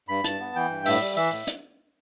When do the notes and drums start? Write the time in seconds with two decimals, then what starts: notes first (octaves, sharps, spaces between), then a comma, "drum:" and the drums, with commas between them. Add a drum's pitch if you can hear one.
0.08 G2 B5
0.24 G2 A5, drum: hi-hat
0.40 B3
0.56 E3 G5
0.70 G2
0.86 A2 E5, drum: open hi-hat
1.01 G3
1.16 E3 E5
1.32 A2
1.47 drum: hi-hat